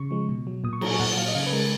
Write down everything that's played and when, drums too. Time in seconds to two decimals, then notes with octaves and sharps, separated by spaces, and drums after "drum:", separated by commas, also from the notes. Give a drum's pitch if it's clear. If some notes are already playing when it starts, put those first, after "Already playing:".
Already playing: C#3 C#6
0.11 F3 G#3
0.29 B2
0.47 F#3
0.64 A#2 D#6
0.73 C#6
0.81 F#3 A#5, drum: cymbal
0.91 G#5
1.00 A#2 F#5
1.17 F#3 F5
1.28 D#5
1.35 C#3 F5
1.47 B4
1.53 G#3 A#4